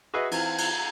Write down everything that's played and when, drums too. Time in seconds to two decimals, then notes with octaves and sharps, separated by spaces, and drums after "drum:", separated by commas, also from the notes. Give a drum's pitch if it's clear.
0.14 F#4 G#4 B4 D#5 E5
0.31 E3 C4 F4, drum: cymbal
0.58 drum: cymbal